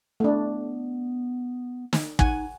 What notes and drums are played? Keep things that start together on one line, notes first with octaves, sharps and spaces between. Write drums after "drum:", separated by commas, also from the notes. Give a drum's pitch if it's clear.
A3 B3 D4
drum: snare
D#4 F#5 G#5, drum: kick